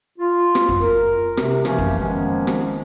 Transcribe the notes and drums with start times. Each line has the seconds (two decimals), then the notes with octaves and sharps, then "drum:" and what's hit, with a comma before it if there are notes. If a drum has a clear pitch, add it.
0.19 F4
0.55 drum: rim click
0.69 drum: kick F2
0.80 A#4
1.37 C3, drum: rim click
1.65 E3 F3 A3 A#3 C#4, drum: rim click
1.78 drum: kick F2
1.98 D#3 F3 G#3 A#3 B3 C#4
2.47 drum: rim click